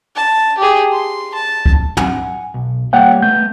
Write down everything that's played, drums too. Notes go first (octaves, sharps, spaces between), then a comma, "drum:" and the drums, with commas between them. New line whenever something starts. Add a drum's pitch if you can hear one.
A5
G4 G#4
C6
A5
drum: kick C#2
F#5 G#5, drum: tom
B1
G3 A#3 C#5 F#5 G5
A3 B3 G6